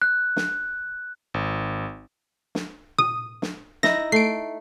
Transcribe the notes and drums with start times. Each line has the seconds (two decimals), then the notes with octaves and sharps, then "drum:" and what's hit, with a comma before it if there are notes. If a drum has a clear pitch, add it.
0.02 F#6
0.36 drum: snare
1.34 G#1
2.55 drum: snare
2.99 D#6, drum: tom A#2
3.42 drum: snare
3.83 D#4 E4 E5 A#6, drum: snare
4.12 A3 C7 D7